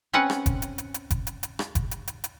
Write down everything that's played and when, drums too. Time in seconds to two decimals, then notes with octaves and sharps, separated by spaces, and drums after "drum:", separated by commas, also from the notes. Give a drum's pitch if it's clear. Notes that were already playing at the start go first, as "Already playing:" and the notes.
0.13 C4 C#4 B4 F#5
0.30 drum: rim click
0.46 drum: kick F#1, hi-hat
0.62 drum: hi-hat
0.78 drum: hi-hat
0.94 drum: hi-hat
1.10 drum: kick F#1, hi-hat
1.27 drum: hi-hat
1.43 drum: hi-hat
1.59 drum: rim click
1.75 drum: kick F#1, hi-hat
1.91 drum: hi-hat
2.08 drum: hi-hat
2.24 drum: hi-hat